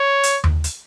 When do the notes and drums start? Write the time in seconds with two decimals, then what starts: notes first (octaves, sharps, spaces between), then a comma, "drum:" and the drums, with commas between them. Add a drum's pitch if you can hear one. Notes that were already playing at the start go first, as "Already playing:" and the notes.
Already playing: C#5
0.23 drum: hi-hat
0.44 drum: tom D#2
0.64 drum: hi-hat